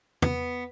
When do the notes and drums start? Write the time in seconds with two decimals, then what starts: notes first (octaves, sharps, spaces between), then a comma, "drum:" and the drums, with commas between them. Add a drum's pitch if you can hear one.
0.22 B3, drum: tom